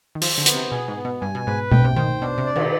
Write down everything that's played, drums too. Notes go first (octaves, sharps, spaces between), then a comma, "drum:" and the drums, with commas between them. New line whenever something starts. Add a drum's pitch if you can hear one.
D#3
F3 C5, drum: open hi-hat
D3
B3, drum: hi-hat
C3
B2 G#4
G#2
B3
B2
G2 G#5
B2
G#2 B4
B2 G5, drum: tom B2
C3
D#3 C5
B2 D4
C3
D5
D#3, drum: cymbal